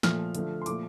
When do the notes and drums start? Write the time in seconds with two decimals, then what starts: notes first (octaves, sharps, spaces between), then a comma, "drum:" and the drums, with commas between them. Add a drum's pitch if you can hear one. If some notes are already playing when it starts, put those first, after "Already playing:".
0.03 A#2 F3 A3 F6, drum: snare
0.35 D3 F3 A3, drum: hi-hat
0.62 C6
0.66 A#2 F3 A3 D6, drum: hi-hat